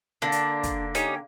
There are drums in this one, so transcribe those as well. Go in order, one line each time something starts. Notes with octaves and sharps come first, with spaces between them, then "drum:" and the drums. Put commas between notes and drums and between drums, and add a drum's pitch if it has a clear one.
D3 A#3 D4
drum: hi-hat
drum: kick, hi-hat
C#4 D#4 G4, drum: hi-hat